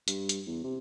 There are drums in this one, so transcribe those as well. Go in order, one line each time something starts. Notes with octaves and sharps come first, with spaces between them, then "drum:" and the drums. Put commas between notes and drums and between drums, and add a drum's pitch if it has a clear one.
G2, drum: hi-hat
drum: hi-hat
E2
C3